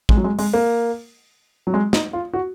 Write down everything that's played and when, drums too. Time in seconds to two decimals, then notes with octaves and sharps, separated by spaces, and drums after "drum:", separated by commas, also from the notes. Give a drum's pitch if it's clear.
0.09 G#3, drum: kick
0.17 F#3
0.24 G#3
0.39 G#3, drum: open hi-hat
0.53 A#3
1.67 F#3
1.74 G#3
1.93 D#4, drum: snare
2.13 F4
2.33 F#4